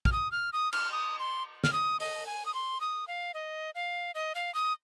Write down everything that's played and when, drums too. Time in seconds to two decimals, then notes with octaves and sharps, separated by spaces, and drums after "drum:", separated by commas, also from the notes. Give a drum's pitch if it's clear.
0.05 F6, drum: kick
0.12 D#6
0.32 F6
0.53 D#6
0.73 F6, drum: cymbal
0.92 D#6
1.19 C6
1.64 F6, drum: snare
1.73 D#6
2.00 D#5, drum: open hi-hat
2.26 G#5
2.46 D#6
2.54 C6
2.81 D#6
3.08 F5
3.34 D#5
3.75 F5
4.15 D#5
4.35 F5
4.55 D#6